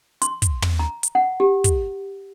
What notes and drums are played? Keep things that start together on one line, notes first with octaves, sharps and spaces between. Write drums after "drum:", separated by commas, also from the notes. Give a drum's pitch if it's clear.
C6, drum: hi-hat
drum: kick, hi-hat
drum: tom
A#5
drum: hi-hat
F#5
G4
drum: kick, hi-hat